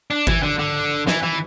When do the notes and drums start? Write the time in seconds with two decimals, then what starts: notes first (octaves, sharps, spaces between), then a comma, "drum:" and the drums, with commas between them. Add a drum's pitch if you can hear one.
0.10 D4
0.27 E3, drum: kick G1
0.43 D3
0.59 D3
1.07 E3, drum: snare
1.23 E3